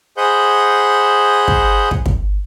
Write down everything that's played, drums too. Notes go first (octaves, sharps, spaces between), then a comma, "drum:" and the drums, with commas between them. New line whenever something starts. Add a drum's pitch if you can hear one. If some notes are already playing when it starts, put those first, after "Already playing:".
G#4 C5 D#5 F#5 B5 G6
drum: kick
drum: kick
drum: kick